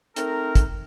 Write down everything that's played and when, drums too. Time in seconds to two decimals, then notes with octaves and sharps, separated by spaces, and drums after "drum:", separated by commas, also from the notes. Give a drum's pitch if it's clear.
0.16 A3 C4 D#4 A#4, drum: hi-hat
0.55 drum: kick, hi-hat